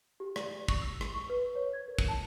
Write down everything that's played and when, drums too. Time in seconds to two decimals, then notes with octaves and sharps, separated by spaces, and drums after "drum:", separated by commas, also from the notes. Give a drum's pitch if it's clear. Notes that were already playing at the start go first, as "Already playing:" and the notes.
0.20 G4
0.36 D5, drum: rim click
0.68 C#6, drum: kick
0.82 E6
1.01 drum: rim click
1.14 C#6
1.30 B4
1.55 C#5
1.73 G#6
1.88 A#4
1.99 drum: kick
2.08 A5